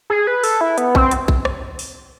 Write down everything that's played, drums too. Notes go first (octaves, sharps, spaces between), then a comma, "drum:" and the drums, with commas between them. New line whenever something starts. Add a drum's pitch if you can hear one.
G#4
B4
A4, drum: open hi-hat
E4
B3, drum: hi-hat
C4, drum: kick A#1
drum: hi-hat
drum: kick A#1
drum: rim click
drum: open hi-hat